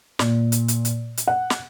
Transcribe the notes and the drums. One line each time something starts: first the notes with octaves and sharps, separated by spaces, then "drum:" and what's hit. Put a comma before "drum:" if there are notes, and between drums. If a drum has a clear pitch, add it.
A#2, drum: snare
drum: hi-hat
drum: hi-hat
drum: hi-hat
drum: hi-hat
F#5
drum: snare